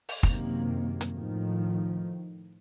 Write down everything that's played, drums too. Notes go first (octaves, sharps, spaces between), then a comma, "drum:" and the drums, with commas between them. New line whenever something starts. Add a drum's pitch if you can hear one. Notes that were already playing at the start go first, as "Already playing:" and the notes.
drum: open hi-hat
F#2 C3 D#3 A#3, drum: kick
drum: hi-hat
A2 D#3 F3